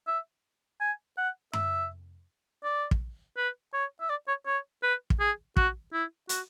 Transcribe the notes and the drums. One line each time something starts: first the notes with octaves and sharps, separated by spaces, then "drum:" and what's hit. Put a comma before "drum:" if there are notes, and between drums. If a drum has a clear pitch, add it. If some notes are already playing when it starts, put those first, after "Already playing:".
E5
G#5
F#5
E5, drum: tom F#2
D5
drum: kick
B4
C#5
E5
D5
C#5
C#5
B4
drum: kick
G#4
F#4, drum: kick
E4
F#4, drum: hi-hat